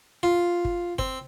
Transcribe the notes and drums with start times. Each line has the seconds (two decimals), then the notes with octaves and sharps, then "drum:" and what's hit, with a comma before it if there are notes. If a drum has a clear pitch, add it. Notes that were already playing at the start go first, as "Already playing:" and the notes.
0.23 F4
0.65 drum: kick
0.99 C4, drum: kick